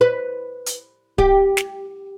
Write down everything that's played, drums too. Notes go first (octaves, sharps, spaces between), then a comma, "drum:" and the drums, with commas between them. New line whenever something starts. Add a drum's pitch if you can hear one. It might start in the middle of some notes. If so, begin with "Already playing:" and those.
B4
drum: hi-hat
G4, drum: kick D1
drum: snare